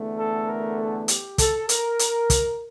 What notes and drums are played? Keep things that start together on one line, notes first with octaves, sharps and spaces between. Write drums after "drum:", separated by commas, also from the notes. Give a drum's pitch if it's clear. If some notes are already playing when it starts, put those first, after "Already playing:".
Already playing: E2 D3 A3
A4
A#4
A4
G4, drum: hi-hat
A4, drum: kick, hi-hat
A#4, drum: hi-hat
drum: hi-hat
drum: kick, hi-hat